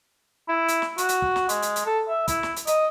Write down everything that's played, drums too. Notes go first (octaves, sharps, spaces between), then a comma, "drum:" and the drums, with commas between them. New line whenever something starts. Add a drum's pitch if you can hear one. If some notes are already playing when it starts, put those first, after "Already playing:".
E4
drum: hi-hat
drum: snare
F#4, drum: hi-hat
drum: hi-hat
drum: kick
drum: snare
G#3, drum: hi-hat
drum: hi-hat
drum: hi-hat
A4
E5
E4, drum: kick, hi-hat
drum: snare
drum: hi-hat
D#5, drum: hi-hat